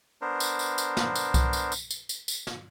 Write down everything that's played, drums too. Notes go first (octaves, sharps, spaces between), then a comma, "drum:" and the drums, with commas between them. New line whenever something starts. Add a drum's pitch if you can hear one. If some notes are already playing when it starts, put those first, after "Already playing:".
B3 D4 A#4 C5
drum: tambourine
drum: tambourine
drum: tambourine
drum: snare
drum: tambourine
drum: kick C2, tambourine
drum: tambourine
drum: tambourine
drum: tambourine
drum: tambourine
drum: tambourine
drum: snare